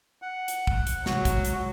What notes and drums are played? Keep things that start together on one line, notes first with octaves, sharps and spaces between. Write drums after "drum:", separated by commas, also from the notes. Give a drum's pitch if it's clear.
F#5
drum: hi-hat
drum: kick
drum: hi-hat
C3 F#3 G#3 F#4, drum: snare
drum: kick, hi-hat
drum: hi-hat